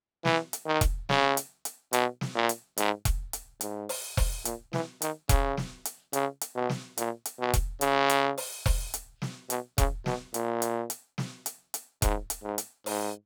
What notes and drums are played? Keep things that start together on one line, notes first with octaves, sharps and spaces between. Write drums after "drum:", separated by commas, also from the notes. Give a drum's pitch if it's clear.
E3, drum: snare
drum: hi-hat
D#3
drum: kick E1, hi-hat
C#3, drum: snare
drum: hi-hat
drum: hi-hat
B2, drum: hi-hat
drum: snare
A#2
drum: hi-hat
G#2, drum: hi-hat
drum: kick E1, hi-hat
drum: hi-hat
G#2, drum: hi-hat
drum: open hi-hat
drum: kick E1, open hi-hat
A#2, drum: hi-hat
E3, drum: snare
D#3, drum: hi-hat
C#3, drum: kick E1, hi-hat
drum: snare
drum: hi-hat
C#3, drum: hi-hat
drum: hi-hat
B2
drum: snare
A#2, drum: hi-hat
drum: hi-hat
B2
drum: kick E1, hi-hat
C#3, drum: hi-hat
drum: hi-hat
drum: open hi-hat
drum: kick E1, open hi-hat
drum: hi-hat
drum: snare
B2, drum: hi-hat
C#3, drum: kick E1, hi-hat
B2, drum: snare
A#2, drum: hi-hat
drum: hi-hat
drum: hi-hat
drum: snare
drum: hi-hat
drum: hi-hat
G#2, drum: kick E1, hi-hat
drum: hi-hat
G#2
drum: hi-hat
G#2, drum: open hi-hat